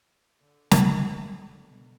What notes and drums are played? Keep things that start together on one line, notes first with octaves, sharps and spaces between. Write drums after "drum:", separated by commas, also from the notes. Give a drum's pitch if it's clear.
D3
drum: snare
C#3
D3
B2